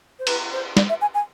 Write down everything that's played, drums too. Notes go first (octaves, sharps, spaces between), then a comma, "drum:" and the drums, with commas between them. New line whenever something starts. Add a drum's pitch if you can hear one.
C5
B4, drum: cymbal
C5
D5, drum: snare
E5
G#5
G#5